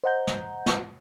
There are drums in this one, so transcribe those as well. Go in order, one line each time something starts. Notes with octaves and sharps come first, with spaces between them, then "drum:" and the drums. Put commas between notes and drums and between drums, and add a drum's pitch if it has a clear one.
C5 D#5 F#5 A#5 G6
drum: snare
drum: snare